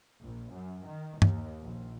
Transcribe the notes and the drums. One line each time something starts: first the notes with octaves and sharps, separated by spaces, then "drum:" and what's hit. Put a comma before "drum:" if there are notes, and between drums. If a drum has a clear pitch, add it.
A#1
F#2
D#3
D#2, drum: tom G2
A#1